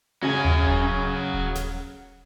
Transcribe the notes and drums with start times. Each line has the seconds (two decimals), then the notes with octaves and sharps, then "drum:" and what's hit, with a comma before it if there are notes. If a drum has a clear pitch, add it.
0.23 C#3 F#3 G#5
0.45 drum: tom D#2
0.67 drum: kick D#1
1.33 drum: kick D#1
1.55 drum: snare